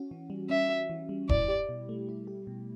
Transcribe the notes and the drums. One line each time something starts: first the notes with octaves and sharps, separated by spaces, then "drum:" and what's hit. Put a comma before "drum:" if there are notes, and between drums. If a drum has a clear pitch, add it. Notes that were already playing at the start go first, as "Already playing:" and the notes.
Already playing: C#4 F#4
E3
G3
C#4 E5
F#4
E3
G3
E4 D5, drum: kick
G4
B2
A3
E4
G4
B2